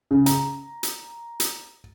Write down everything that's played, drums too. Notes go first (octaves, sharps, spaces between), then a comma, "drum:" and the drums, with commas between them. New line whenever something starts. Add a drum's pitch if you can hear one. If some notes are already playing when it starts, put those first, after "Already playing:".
C#3
A#5, drum: hi-hat
drum: hi-hat
drum: hi-hat